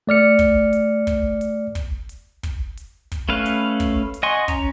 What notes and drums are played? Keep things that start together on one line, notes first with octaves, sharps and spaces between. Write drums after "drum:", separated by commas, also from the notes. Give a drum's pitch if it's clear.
A3 D5 F6 C#7
drum: kick, hi-hat
drum: hi-hat
drum: kick, hi-hat
drum: hi-hat
drum: kick, hi-hat
drum: hi-hat
drum: kick, hi-hat
drum: hi-hat
drum: kick, hi-hat
A3 C#4 B4 F5
drum: hi-hat
drum: kick, hi-hat
drum: hi-hat
D#5 F#5 G#5 C6 C#6
C#4 A#5, drum: kick, hi-hat